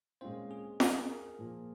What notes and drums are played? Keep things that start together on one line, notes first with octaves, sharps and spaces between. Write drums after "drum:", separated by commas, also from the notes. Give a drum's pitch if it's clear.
A#2 G#3 C4 C#4 F4 C5
G#4
G#4, drum: snare
A#4
A#2 F3 A#3